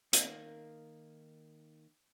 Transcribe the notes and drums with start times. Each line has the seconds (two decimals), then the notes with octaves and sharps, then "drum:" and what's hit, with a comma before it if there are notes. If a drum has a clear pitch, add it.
0.13 D#3 A#3, drum: hi-hat